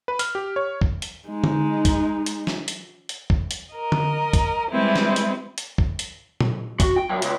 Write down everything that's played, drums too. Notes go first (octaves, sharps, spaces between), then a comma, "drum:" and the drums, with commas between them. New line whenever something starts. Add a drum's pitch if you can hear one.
B4
F6, drum: hi-hat
G4
C#5
drum: kick
drum: hi-hat
G#3 D#4
drum: tom D3
drum: kick, hi-hat
drum: hi-hat
drum: snare
drum: hi-hat
drum: hi-hat
drum: kick
drum: hi-hat
A#4 D#5
drum: tom D3
drum: kick, hi-hat
G3 G#3 C4 E4 B4
drum: snare
drum: hi-hat
drum: hi-hat
drum: kick
drum: hi-hat
drum: tom A#2
F#4, drum: kick, hi-hat
G5
F#2
C#2, drum: hi-hat